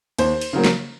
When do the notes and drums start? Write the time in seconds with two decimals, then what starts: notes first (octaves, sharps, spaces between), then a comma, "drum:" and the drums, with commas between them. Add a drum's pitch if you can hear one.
0.19 D#2 C5, drum: cymbal
0.41 drum: cymbal
0.53 C#3 F#3 A#3
0.64 drum: snare